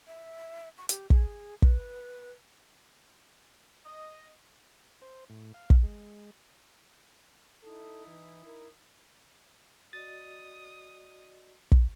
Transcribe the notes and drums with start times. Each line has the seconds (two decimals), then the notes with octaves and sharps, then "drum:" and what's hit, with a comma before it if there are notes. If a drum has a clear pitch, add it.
0.07 E5
0.78 C#6
0.89 G4, drum: hi-hat
1.10 G#4, drum: kick
1.62 B4, drum: kick
3.86 D#5
5.02 C5
5.30 A2
5.54 F5
5.70 drum: kick
5.83 G#3
7.63 D#4 E4 A4 D#6
8.07 E3
8.46 A#4
9.93 F#4 D5 D#5 D#6 A6
11.72 drum: kick